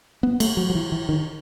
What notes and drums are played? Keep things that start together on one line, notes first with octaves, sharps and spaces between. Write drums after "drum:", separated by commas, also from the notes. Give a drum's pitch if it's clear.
B3
A3, drum: cymbal
F#3
F#3
E3
E3
D#3